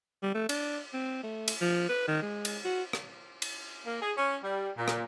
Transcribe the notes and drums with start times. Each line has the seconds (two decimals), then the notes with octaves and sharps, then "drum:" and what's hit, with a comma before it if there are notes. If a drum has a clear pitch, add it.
0.23 G3
0.35 A3
0.49 D4, drum: cymbal
0.94 C4
1.23 A3
1.48 drum: cymbal
1.61 F3
1.89 B4
2.08 D#3
2.22 G#3
2.45 drum: cymbal
2.65 F#4
2.93 drum: rim click
3.42 drum: cymbal
3.86 A#3
4.02 G#4
4.17 C#4
4.44 G3
4.77 A#2
4.88 drum: rim click